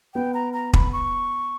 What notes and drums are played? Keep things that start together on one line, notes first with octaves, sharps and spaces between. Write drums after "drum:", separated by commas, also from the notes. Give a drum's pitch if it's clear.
B3 G5
A#5
A#5
B5, drum: kick
C#6